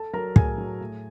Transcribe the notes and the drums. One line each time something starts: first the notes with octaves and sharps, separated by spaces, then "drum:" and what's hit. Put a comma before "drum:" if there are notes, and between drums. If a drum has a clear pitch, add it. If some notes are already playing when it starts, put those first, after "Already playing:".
Already playing: A4 A5
F#3 A#4 A#5
A2 G#4 G#5, drum: kick
F#3
A2